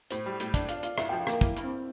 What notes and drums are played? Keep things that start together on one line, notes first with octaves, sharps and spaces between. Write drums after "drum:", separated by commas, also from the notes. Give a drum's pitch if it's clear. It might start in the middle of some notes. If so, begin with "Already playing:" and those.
A2 C5, drum: hi-hat
G3
A2, drum: hi-hat
D4 D5, drum: kick, hi-hat
F4, drum: hi-hat
D5
F4, drum: hi-hat
A1 E5, drum: rim click
F3 G5
F5
A#3 A#4, drum: rim click
A#3 E4, drum: kick, hi-hat
G2, drum: hi-hat
C4